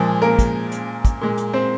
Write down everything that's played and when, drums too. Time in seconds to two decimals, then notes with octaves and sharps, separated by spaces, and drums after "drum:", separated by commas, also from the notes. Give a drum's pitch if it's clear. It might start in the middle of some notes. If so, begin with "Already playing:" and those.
Already playing: A#2 F3 G#3 G#4
0.22 A#3 A#4
0.39 drum: kick, hi-hat
0.72 drum: hi-hat
1.05 drum: kick, hi-hat
1.21 A#2 G#3
1.38 drum: hi-hat
1.53 C4 C5